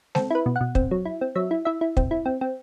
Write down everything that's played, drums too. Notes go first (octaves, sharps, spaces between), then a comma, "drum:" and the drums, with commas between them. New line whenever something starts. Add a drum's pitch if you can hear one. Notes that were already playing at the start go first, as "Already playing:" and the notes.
C4 A4, drum: snare G#3
E4 B4
B2
F#5
B2
C4, drum: kick
F#3
E4
C4
F#3 E5
E4
E4 E5
E4
C4, drum: kick
E4
C4
C4